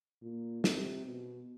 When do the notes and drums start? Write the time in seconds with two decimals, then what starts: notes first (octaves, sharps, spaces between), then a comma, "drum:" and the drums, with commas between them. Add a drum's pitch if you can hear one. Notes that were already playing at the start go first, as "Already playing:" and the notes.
0.22 A#2
0.64 C3, drum: snare
1.05 B2